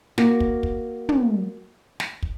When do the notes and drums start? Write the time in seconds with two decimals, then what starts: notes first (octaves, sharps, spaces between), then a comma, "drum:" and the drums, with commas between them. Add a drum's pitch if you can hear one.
0.18 A#3 F#4, drum: snare
0.40 drum: kick
0.63 drum: kick
1.09 drum: tom
2.00 drum: snare
2.23 drum: kick